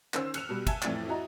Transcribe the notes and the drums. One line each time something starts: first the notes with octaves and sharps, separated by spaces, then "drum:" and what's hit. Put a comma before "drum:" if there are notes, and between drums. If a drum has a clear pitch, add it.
D#3 C#4 C5 E6, drum: clap
F6 F#6 C#7 E7 F7, drum: cymbal
B2 G3
E5 G#5 A5 G#6 E7, drum: kick, cymbal
F2 A2 E3 D5 A6, drum: clap
E4 F#4 D#5 A#5